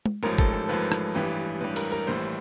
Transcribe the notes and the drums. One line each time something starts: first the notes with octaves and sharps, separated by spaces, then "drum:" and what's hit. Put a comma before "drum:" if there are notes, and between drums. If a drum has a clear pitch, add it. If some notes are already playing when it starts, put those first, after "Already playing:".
drum: tom G#3
A1 G#2 F3 A#4
A4, drum: kick
A4
A1 G#2 F3 B4
drum: rim click
A1 G2 E3 G3
A1 G2 E3 G3 B4
A#4, drum: cymbal
A#4
A#1 A2 E3 G3 C5